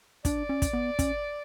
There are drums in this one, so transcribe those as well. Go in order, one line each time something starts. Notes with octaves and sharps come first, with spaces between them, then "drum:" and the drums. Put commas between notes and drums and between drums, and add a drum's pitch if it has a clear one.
D4 D5, drum: kick, hi-hat
C#4
drum: kick, hi-hat
B3
C#4, drum: kick, hi-hat